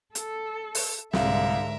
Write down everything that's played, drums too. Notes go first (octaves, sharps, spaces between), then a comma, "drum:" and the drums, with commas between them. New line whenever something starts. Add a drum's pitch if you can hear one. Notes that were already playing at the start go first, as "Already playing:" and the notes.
A4, drum: hi-hat
drum: open hi-hat
C2 G#2 D3 A#4 E5 F5, drum: snare